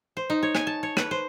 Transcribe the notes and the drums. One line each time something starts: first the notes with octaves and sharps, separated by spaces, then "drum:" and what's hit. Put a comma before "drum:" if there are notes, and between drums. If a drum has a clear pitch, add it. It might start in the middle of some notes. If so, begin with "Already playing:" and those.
C5
D#4
C#5
G#5, drum: rim click
A5
C#5
B4, drum: rim click
C5